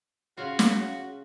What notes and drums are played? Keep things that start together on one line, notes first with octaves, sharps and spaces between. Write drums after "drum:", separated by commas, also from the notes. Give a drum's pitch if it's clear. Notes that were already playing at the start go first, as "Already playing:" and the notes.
C#3 F4 F#4
drum: snare